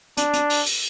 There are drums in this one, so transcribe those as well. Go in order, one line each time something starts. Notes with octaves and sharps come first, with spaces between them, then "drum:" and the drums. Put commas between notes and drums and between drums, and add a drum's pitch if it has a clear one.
D4, drum: hi-hat
drum: hi-hat
drum: open hi-hat
drum: open hi-hat